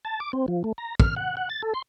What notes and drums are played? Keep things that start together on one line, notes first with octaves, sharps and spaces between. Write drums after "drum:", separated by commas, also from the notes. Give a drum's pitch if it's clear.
A5
D6
C4
F3
A3
A#5
F6, drum: kick
F#5
F#5
A6
A4
C6